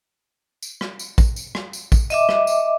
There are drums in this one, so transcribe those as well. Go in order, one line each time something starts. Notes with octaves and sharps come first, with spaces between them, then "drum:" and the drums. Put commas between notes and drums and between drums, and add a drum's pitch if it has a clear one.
drum: tambourine
drum: rim click
drum: tambourine
drum: kick, tambourine
drum: tambourine
drum: rim click
drum: tambourine
drum: kick, tambourine
D#5 E5 D6, drum: tambourine
drum: rim click
drum: tambourine